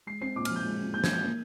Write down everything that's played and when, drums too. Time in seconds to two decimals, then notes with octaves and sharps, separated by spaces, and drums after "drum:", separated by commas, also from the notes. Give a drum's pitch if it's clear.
0.07 G#3 C7
0.21 C4 C7
0.36 A#2 D6
0.45 F6, drum: cymbal
0.50 F3
0.56 G6
0.64 G#3
0.80 C4
0.94 A#2 G6
1.04 G#6, drum: snare
1.09 F3 G6
1.23 A#3